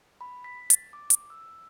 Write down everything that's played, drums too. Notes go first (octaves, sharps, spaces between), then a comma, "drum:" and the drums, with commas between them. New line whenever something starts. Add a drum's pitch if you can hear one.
B5
B6
A6, drum: hi-hat
D6
drum: hi-hat
E6